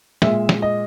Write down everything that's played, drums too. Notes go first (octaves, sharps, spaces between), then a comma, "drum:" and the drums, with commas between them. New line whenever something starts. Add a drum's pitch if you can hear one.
A#2 G#3 E5, drum: snare
drum: snare
D#5